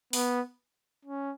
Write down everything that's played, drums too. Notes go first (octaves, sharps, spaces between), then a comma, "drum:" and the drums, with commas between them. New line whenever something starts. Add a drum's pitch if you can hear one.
B3, drum: open hi-hat
C#4